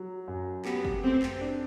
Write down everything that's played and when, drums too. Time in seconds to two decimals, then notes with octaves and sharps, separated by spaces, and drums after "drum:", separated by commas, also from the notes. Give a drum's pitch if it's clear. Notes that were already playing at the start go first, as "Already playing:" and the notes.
Already playing: F#3
0.28 F#2
0.65 B3 G4, drum: clap
0.85 drum: kick
1.03 A3 C4
1.22 drum: clap
1.41 D4